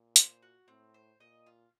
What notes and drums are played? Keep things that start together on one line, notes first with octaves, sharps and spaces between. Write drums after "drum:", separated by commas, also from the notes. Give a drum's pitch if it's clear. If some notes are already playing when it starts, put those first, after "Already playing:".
Already playing: A#2
C5, drum: hi-hat
F#4
A2 C4
C5
A#2 D#5
F4